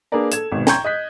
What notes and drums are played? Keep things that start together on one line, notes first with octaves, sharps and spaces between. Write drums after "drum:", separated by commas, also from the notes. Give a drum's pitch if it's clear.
A#3 D4 G#4 B4 D5 A#5
A4 G#6 E7, drum: hi-hat
G#1 B2
G5 A#5 C6 C#6 G6 G#6, drum: snare
D#5 F#6 B6